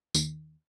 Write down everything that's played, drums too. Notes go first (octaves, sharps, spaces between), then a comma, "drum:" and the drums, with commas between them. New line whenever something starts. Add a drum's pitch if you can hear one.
D#2, drum: tambourine